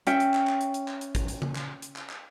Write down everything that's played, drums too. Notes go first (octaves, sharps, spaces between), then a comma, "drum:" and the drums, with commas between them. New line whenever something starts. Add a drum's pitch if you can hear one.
C#4 E5 G5, drum: hi-hat
drum: hi-hat
drum: clap
drum: clap
drum: hi-hat
drum: hi-hat
drum: clap
drum: hi-hat
drum: kick, hi-hat
drum: hi-hat
drum: tom C#3
drum: clap
drum: hi-hat
drum: clap
drum: clap